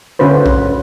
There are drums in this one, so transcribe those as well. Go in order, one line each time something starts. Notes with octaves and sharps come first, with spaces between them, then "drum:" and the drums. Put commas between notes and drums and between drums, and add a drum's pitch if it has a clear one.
D3 C#4 F#4 B4 C5
drum: kick A#1